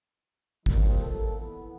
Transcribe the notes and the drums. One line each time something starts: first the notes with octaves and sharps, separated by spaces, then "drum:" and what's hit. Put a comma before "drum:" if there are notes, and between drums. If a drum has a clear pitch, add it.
F3 G3 A#3 C4 D4 D#4, drum: kick
A4
E3 B3